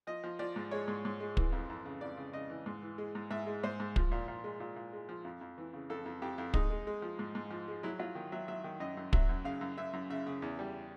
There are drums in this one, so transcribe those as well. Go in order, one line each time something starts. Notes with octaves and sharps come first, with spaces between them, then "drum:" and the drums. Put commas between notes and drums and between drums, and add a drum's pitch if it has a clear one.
F3 D#5
F3
F3 D5
G#2
G#3 C#5
G#2
G#2
G#3
E3, drum: kick
F2
F2
C#3
F2 D5
C#3
C#3 D#5
E3
G#2
E3
G#3
G#2
G#2 E5
G#3
G#2 C5
G#2
F3, drum: kick
A#2
A#2
G#3
A#2
A#2
G#3
F3
F2
F2
E3
C#3
F2 A4
F2
F2 G4
F2
G#3 D#4, drum: kick
G#3
G#3
F3
G#2
G#2
F3
G#3
F#3 E4
F#3 F4
D#3
F#3 E5
F#3 E5
D#3
F#2 D#5
F#2
F#3 E5, drum: kick
F#2
C#3 F5
F#2
F#2 E5
F#2
C#3 E5
C#3
E2
G3